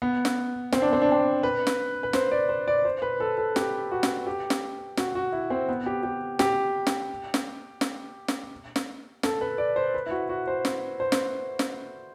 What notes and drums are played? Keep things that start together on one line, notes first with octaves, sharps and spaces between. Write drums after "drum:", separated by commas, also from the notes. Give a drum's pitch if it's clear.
B3
drum: snare
C4, drum: snare
D4
C4
D4
C4
B4
drum: snare
B4
C5, drum: snare
D5
C5
D5
C5
B4
A4
A4
G4, drum: snare
F#4
drum: snare
G4
drum: snare
F#4, drum: snare
F#4
E4
C4
B3
G4
G4
G4, drum: snare
drum: snare
drum: snare
drum: snare
drum: snare
drum: snare
A4, drum: snare
B4
D5
C5
B4
E4
F#4
F#4
C5
drum: snare
C5
drum: snare
drum: snare